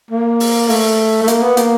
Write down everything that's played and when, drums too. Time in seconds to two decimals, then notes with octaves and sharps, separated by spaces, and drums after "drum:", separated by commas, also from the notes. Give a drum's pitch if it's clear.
0.11 A#3
0.40 drum: open hi-hat
0.69 A3, drum: open hi-hat
1.23 A3
1.28 A#3, drum: hi-hat
1.42 B3
1.57 A#3, drum: hi-hat